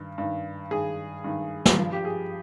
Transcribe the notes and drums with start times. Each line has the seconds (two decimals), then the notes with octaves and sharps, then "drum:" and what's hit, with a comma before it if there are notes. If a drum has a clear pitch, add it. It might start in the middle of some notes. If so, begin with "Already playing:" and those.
Already playing: G2 D#3
0.18 G2 D#3
0.71 G2 D#3 G#4
1.24 G2 D#3
1.65 drum: snare
1.78 G2 F3
1.92 G4
2.05 G#4